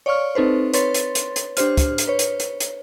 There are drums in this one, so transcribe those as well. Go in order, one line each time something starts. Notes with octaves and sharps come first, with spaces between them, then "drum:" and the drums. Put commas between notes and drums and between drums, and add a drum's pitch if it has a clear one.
C#5 D5 F5 C#6 F6
C4 D#4 A4 B4 C5
B4 C#5 C6 A6, drum: hi-hat
drum: hi-hat
drum: hi-hat
drum: hi-hat
D4 G4 C5 F6, drum: hi-hat
drum: kick, hi-hat
drum: hi-hat
B4 C#5
drum: hi-hat
drum: hi-hat
drum: hi-hat